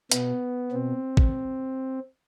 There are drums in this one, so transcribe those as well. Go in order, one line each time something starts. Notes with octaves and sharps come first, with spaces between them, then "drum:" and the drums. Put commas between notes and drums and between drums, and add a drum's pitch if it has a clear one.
B2 B3, drum: hi-hat
B2 C4
drum: kick